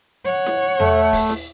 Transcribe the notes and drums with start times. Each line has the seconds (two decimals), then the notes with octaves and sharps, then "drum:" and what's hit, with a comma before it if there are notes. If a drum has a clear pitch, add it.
0.25 C#5 F#5
0.46 drum: snare E4
0.80 A3, drum: tom E2
1.13 drum: kick E1, open hi-hat
1.30 drum: snare E4